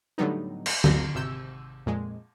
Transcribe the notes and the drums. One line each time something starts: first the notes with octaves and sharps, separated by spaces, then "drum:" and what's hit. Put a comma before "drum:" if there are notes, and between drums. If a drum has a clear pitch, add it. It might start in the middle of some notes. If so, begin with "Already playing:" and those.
A2 D3 F#3 G3 B3 D#4
drum: cymbal
G1 D2 F#3 A4 G6 A#6, drum: tom D3
G#1 C3 E6 G6
F2 A#2 G#3